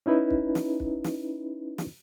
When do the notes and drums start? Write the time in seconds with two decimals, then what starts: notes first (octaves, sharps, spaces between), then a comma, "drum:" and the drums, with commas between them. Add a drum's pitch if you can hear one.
0.06 C#4 D#4 E4 B4
0.31 drum: kick
0.55 drum: snare
0.80 drum: kick
1.04 drum: snare
1.78 drum: snare